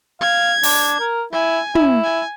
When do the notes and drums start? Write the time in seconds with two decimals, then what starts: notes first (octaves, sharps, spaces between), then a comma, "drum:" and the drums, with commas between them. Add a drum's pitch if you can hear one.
0.21 F5 G#6
0.63 D4, drum: open hi-hat
1.00 A#4
1.33 E4 G#5
1.75 E4, drum: tom
2.04 G#5